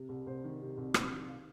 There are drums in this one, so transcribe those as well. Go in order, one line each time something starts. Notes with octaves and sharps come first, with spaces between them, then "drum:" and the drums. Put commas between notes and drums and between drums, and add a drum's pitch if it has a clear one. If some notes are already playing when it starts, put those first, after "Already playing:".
Already playing: C3
C2
C2 C5
D#3
C3
C2
C2, drum: rim click
D#3
F5